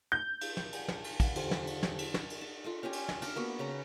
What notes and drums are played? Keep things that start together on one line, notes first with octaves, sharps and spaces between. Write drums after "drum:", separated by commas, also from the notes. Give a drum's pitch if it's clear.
G6
drum: cymbal
drum: snare
drum: cymbal
drum: snare
drum: cymbal
drum: kick, cymbal
E2 D3 F4 G4 A4 C5, drum: cymbal
drum: snare
drum: cymbal
drum: snare
drum: cymbal
drum: snare
drum: cymbal
A5
F4 A4 D#5
C#4 F4 G4 G#5
drum: cymbal
drum: snare
D4 D5 F5 A5, drum: cymbal
A#3 B3 F#4
C#3 B4 A#5